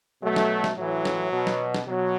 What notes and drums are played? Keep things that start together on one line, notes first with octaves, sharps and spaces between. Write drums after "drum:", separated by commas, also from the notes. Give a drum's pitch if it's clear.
B2 F#3 A3
drum: snare
drum: snare
A2 E3 F#3
drum: snare
B2
drum: snare
drum: snare
B2 F#3